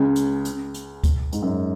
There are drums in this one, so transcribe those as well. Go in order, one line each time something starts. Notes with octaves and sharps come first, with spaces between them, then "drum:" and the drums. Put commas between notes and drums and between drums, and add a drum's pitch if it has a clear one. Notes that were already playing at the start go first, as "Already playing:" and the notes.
Already playing: C#2 C#3
drum: hi-hat
drum: hi-hat
drum: hi-hat
drum: kick D2, hi-hat
G#2, drum: hi-hat
F#2